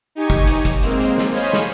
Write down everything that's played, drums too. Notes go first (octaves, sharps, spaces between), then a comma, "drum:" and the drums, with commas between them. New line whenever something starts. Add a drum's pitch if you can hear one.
D#4 G4 G#5 C#6
drum: kick G1
drum: hi-hat
drum: kick G1, hi-hat
G#3 A#3 C4, drum: hi-hat
drum: hi-hat
drum: snare
C5 C#5 D#5 F5 G#5 B5
drum: snare